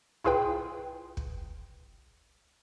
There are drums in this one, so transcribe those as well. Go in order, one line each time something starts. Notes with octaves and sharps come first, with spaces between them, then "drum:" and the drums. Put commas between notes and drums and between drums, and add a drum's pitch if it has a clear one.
E4 F4 G#4 B4 G5, drum: tom B1
drum: kick